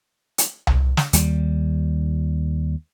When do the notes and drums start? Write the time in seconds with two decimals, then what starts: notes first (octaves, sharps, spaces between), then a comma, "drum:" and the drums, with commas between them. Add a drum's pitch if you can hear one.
0.38 drum: hi-hat
0.67 drum: tom C2
0.97 drum: snare
1.13 D#2 G3, drum: hi-hat